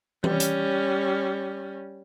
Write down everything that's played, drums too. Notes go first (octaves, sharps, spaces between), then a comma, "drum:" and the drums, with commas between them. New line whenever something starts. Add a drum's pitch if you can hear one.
G3 C#4, drum: tom E3
drum: hi-hat